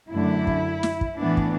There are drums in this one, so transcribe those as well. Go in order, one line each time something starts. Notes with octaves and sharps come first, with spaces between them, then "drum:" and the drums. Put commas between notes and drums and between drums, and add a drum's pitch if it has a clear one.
F#2 D3 A3 D4 E4
drum: kick
drum: snare
drum: kick
A2 E3 B3 D4
drum: kick